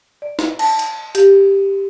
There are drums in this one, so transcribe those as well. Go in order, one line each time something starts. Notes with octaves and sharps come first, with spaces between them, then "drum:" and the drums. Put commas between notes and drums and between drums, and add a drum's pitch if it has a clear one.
D5
drum: snare
A5, drum: cymbal
drum: hi-hat
G4, drum: hi-hat